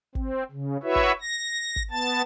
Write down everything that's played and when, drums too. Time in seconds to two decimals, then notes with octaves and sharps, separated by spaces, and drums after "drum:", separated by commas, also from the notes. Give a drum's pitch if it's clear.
0.15 C4, drum: kick
0.52 C#3
0.83 E4 F#4 B4 C#5 E5
0.96 drum: kick
1.21 A#6
1.76 drum: kick
1.91 B3 A5 A6